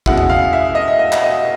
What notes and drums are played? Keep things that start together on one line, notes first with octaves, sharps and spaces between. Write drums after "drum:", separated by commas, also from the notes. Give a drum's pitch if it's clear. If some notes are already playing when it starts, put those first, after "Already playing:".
B2 G#3 C#4 E4 F#5, drum: kick
drum: tom E2
F5
E5
D#5
E5
D#5
E5, drum: clap
D#5